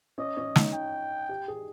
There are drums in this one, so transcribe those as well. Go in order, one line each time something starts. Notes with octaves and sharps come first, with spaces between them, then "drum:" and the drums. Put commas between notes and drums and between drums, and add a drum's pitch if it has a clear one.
C#4 D#5
C#4
D#4, drum: snare
G5
G4
G#4